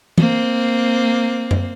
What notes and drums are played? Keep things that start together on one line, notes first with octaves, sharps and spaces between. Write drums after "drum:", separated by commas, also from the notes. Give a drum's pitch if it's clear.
A#3 C4, drum: tom
drum: tom F#2